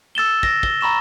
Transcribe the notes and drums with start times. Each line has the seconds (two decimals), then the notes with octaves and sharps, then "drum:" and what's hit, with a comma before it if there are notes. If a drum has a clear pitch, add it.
0.15 E6 A6 E7 G7
0.43 A#6, drum: kick
0.63 G7, drum: kick
0.81 A#5 B5 C#6 E7